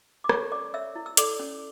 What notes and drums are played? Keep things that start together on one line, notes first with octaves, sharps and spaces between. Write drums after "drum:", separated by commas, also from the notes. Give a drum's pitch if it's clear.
D6
A4 C#5 C#6, drum: rim click
C#4 D5 D6
C#5 E5 E6
E4
E6
A4 D5 D6, drum: hi-hat
C#4